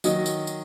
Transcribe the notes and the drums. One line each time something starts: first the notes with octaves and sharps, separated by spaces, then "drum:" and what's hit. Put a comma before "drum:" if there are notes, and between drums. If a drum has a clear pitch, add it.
D#3 F#3 D#5, drum: tambourine
drum: tambourine
drum: tambourine